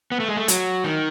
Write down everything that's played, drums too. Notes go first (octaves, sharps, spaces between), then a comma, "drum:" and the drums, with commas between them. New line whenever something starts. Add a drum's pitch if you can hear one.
B3
A3
G#3
A3
F#3, drum: hi-hat
D#3